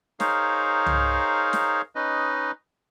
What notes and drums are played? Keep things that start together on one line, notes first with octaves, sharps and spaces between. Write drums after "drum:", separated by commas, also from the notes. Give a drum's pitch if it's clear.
D#4 G#4 A#4 C5 C#5 F5, drum: snare
drum: tom C2
drum: snare
C#4 D#4 B4 D#5